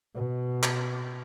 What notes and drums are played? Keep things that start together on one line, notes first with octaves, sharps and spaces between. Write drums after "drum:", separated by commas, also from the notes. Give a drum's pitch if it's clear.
B2
drum: clap